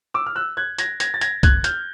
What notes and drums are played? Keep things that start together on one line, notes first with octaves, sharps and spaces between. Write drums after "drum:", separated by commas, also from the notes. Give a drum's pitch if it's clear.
D6 E6
F6
E6 F#6
F#6 G#6
G#6 A#6, drum: hi-hat
G#6 A#6, drum: hi-hat
A6
G#6 A#6, drum: hi-hat
F#6 G#6, drum: kick, hi-hat
F6 G6, drum: hi-hat